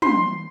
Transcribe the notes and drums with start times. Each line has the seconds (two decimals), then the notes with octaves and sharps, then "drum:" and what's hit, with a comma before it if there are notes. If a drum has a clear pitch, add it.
0.02 C6, drum: tom